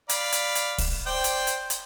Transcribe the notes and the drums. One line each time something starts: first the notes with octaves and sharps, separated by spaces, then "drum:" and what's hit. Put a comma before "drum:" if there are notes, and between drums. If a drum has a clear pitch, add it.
D5 F5 B5, drum: hi-hat
drum: hi-hat
drum: hi-hat
drum: kick, open hi-hat
C5 D5 G5
drum: hi-hat
drum: hi-hat
drum: hi-hat